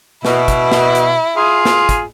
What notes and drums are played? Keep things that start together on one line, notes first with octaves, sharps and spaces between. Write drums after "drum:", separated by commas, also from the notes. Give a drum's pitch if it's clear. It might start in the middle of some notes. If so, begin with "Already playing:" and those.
B2 E4, drum: snare
drum: kick, hi-hat
drum: snare
drum: hi-hat
F4 G#4
drum: snare
drum: kick, hi-hat